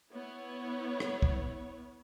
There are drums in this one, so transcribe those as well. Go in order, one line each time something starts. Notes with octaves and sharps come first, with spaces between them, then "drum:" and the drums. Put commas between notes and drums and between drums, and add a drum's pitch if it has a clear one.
B3 E4 C#5
drum: rim click
drum: kick